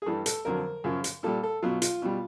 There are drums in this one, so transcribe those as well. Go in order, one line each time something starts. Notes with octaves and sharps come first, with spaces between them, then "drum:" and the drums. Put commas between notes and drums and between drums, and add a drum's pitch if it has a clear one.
G#4
G2 E3 G3 A4
A4, drum: hi-hat
F2 D3 F#3 A#4
F#2 C#3 F3
drum: hi-hat
A#2 G3 A4
A4
B2 F#3 F4
F4, drum: hi-hat
B2 G3